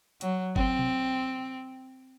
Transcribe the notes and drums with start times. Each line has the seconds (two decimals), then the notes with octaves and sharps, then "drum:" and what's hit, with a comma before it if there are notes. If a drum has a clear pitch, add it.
0.21 F#3, drum: hi-hat
0.56 C4, drum: kick G1
0.79 drum: tom B2